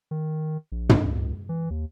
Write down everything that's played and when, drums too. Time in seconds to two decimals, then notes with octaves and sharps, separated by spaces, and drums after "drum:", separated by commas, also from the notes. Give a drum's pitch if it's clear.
0.11 D#3
0.72 A#1
0.89 drum: tom
1.05 C#2
1.49 E3
1.70 D#2